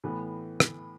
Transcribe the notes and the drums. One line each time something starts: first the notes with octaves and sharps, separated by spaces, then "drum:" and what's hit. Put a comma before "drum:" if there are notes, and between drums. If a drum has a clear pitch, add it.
A2 E3 B3
drum: rim click